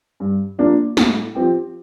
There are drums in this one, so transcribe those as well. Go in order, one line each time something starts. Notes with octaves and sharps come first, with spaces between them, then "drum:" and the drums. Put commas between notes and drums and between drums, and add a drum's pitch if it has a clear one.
G2
F3 A#3 D4 F4
A2, drum: snare
F3 C4 G4